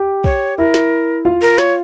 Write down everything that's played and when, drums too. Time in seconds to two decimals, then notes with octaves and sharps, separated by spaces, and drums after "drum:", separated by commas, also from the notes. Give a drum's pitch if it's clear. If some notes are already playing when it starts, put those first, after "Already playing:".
Already playing: G4 G5
0.24 C#5, drum: kick
0.58 E4 A#4 E5
0.74 drum: snare
1.25 F4 F5
1.42 A#4
1.58 C#5, drum: snare